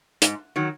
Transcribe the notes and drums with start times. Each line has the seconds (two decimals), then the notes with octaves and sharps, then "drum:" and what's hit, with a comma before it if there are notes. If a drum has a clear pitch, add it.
0.22 G#2, drum: hi-hat
0.56 D#3 F#3